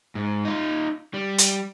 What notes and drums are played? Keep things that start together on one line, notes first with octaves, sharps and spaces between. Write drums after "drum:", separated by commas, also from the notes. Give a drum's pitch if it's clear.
G#2
D#4 F4
G3
drum: hi-hat